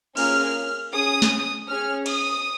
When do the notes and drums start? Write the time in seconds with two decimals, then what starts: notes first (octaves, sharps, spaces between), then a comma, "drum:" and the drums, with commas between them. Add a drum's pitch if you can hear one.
0.17 A#3 C#4 F4 G#4 F6, drum: cymbal
0.93 C#4 G#4 D#6
1.22 drum: snare
1.68 C#4 G#4 F6
2.06 D#6, drum: cymbal